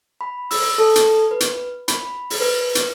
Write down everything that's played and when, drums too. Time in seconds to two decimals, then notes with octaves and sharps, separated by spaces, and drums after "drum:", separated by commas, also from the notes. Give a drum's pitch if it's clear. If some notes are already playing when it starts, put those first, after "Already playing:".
0.21 B5
0.51 E6, drum: open hi-hat
0.78 A4
0.96 drum: hi-hat
1.31 B4
1.40 drum: hi-hat
1.88 B5, drum: hi-hat
2.30 drum: open hi-hat
2.40 B4
2.75 drum: hi-hat